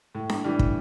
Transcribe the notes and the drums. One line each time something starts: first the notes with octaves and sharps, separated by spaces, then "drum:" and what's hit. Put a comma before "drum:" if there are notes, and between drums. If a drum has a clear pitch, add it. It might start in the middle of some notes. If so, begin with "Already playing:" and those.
A2
drum: snare D4
E3 G3 D4
drum: kick